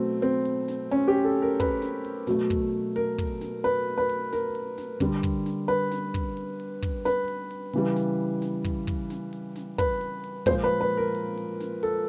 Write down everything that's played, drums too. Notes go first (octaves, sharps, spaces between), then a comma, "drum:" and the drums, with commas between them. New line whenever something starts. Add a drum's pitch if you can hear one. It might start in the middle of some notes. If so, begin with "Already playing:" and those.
Already playing: B2 F#3 A3 C4
C4, drum: hi-hat
drum: hi-hat
drum: snare
C#4, drum: hi-hat
G4
A4
A#4
B4, drum: kick, open hi-hat
drum: snare
drum: hi-hat
B2 F#3 A3, drum: snare
drum: kick, hi-hat
A#4, drum: hi-hat
drum: kick, open hi-hat
drum: snare
B4, drum: hi-hat
B4
drum: hi-hat
A#4, drum: snare
drum: hi-hat
drum: snare
D3 G3, drum: kick, hi-hat
drum: kick, open hi-hat
drum: snare
B4, drum: hi-hat
drum: snare
drum: kick, hi-hat
drum: hi-hat
drum: hi-hat
drum: kick, open hi-hat
B4, drum: snare
drum: hi-hat
drum: hi-hat
C#3 E3 G3, drum: hi-hat
drum: snare
drum: snare
drum: kick, hi-hat
drum: kick, open hi-hat
drum: snare
drum: hi-hat
drum: snare
B4, drum: kick, hi-hat
drum: hi-hat
drum: hi-hat
A#2 F3 G#3 C5, drum: kick, open hi-hat
B4
B4
A#4
drum: hi-hat
drum: hi-hat
drum: snare
A4, drum: hi-hat